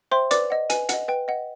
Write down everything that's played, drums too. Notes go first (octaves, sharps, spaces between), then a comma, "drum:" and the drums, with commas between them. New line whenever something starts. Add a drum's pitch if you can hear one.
C5 E5 G5 C6
B4 D5 D6, drum: hi-hat
D#5 F#5
B4 G#5, drum: hi-hat
D#5 F#5, drum: hi-hat
B4 G5
D#5 F#5